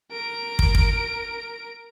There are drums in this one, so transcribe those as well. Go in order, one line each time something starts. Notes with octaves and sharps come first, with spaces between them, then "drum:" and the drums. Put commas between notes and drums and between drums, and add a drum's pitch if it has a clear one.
A#4 D7
drum: kick
drum: kick